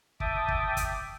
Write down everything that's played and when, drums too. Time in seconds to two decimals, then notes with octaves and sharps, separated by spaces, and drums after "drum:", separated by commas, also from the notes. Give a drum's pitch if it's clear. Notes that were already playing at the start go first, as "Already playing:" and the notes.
0.20 E5 G5 A5 D6 D#6, drum: kick
0.48 drum: kick
0.77 drum: kick, hi-hat